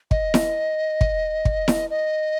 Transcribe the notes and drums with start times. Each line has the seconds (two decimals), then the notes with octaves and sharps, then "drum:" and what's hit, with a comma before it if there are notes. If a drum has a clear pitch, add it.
0.11 D#5, drum: kick
0.34 drum: snare E4
1.01 drum: kick
1.45 drum: kick
1.68 drum: snare E4
1.90 D#5